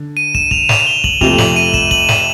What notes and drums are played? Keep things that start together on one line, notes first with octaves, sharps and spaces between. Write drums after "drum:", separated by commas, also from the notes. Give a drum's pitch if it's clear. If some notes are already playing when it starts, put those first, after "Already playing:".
Already playing: D3
D#7
E7, drum: kick
F7, drum: kick
F7, drum: snare
G7
F#7, drum: kick
F2 C3 F3 A3 F7, drum: kick
F#7, drum: snare
D#7
E7, drum: kick
F#7, drum: kick
F#7, drum: snare